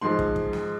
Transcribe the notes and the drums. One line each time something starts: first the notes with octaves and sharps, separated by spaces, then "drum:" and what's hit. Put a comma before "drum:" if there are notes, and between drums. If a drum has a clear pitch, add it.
G#2 F3 G#3 C6
drum: kick
drum: kick
drum: snare